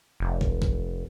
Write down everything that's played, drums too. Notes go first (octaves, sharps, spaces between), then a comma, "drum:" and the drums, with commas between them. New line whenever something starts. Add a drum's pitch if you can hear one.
F1
drum: kick
drum: kick